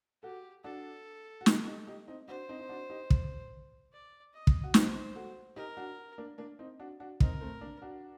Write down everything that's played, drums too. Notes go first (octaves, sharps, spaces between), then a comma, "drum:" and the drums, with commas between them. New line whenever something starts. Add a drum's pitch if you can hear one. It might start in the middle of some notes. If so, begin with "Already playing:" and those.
F#4 G4 A4
D4 F#4 A4
F#4
D#4 G4, drum: snare
D#4 G4
D#4 G4
C4 D#4
D4 F#4 C5
C4 D#4
D#4
D4 F#4
D#4 G4
drum: kick
D5
D#5
drum: kick
F#4
D#4 G4 C5, drum: snare
F#4 A4
D#4 G4 A#4
D4 F#4
A#3 D4
A#3 D4
C4 D#4
D4 F#4
D4 F#4
C4 D#4 A#4, drum: kick
A3 C4
A#3 D4
D4 F#4